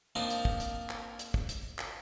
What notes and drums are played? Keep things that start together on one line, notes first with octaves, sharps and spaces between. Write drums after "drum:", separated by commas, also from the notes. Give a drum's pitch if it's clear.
F3 A#3 C4 D4 D#4 C5
drum: hi-hat
drum: kick
drum: hi-hat
drum: clap
drum: hi-hat
drum: kick
drum: hi-hat
drum: clap